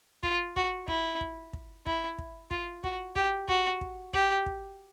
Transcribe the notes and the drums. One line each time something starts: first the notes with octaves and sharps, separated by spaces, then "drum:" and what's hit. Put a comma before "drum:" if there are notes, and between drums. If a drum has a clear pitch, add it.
F4, drum: kick
F#4, drum: kick
E4, drum: kick
drum: kick
drum: kick
E4, drum: kick
drum: kick
F4, drum: kick
F#4, drum: kick
G4, drum: kick
F#4, drum: kick
drum: kick
G4, drum: kick
drum: kick